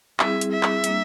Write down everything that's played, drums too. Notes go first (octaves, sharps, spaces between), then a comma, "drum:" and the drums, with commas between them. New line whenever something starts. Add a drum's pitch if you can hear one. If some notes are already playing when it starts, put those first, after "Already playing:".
G3 C4 E4 G#4 E5, drum: clap
drum: hi-hat
E5
drum: clap
G3 A#3 D4, drum: hi-hat